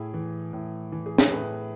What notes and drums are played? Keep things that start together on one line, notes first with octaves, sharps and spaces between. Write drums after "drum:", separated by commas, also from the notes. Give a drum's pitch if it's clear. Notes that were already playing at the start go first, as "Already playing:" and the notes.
Already playing: A2 E4 G#4
E3
A2
E3
G#4
A4, drum: snare
A2 G#4 B4